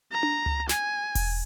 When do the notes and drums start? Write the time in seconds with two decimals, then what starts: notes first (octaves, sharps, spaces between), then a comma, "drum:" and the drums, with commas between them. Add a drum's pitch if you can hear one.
0.12 A#5
0.23 drum: tom D4
0.46 drum: tom C#2
0.69 G#5, drum: snare
1.15 drum: kick E1, open hi-hat